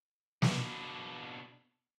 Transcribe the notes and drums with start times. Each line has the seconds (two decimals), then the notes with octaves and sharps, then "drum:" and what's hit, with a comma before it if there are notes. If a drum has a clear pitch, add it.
0.42 B2 D4, drum: snare